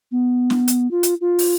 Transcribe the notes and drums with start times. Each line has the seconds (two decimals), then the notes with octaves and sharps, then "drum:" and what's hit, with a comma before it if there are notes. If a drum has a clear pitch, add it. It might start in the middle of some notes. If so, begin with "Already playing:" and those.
0.12 B3
0.50 drum: snare
0.68 drum: hi-hat
0.91 F4
1.03 drum: hi-hat
1.21 F4
1.39 drum: open hi-hat